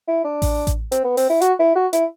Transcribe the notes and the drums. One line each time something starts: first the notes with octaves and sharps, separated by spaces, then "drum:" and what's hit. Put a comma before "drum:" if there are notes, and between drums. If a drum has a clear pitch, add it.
E4
D4
drum: kick A1, open hi-hat
drum: kick A1, hi-hat
C4, drum: hi-hat
B3
C4, drum: open hi-hat
E4
F#4, drum: hi-hat
E4
F#4
E4, drum: hi-hat